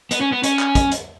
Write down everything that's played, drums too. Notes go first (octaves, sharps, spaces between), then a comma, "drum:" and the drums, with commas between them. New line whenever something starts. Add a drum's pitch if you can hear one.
B3, drum: hi-hat
C#4
B3
C#4, drum: hi-hat
drum: clap
drum: kick, hi-hat
drum: hi-hat